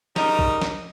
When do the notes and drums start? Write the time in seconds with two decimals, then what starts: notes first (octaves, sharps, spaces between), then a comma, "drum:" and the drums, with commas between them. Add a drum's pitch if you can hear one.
0.16 C#3 G3 D#4 A#4, drum: snare
0.39 drum: kick A#1
0.62 drum: snare